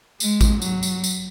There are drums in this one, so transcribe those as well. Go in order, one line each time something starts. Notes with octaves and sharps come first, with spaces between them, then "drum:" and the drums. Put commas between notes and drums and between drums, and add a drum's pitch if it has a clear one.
G#3, drum: tambourine
drum: kick A1, tambourine
F#3, drum: tambourine
drum: tambourine
drum: tambourine